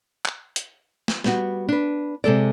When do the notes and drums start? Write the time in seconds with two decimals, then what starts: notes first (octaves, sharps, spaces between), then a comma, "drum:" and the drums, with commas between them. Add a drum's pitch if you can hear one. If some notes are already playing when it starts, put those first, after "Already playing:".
0.26 drum: clap
0.56 drum: hi-hat
1.08 drum: snare
1.24 G3 B3 F#4, drum: snare
1.69 D4 B4
2.24 C3 G#3 A4 D5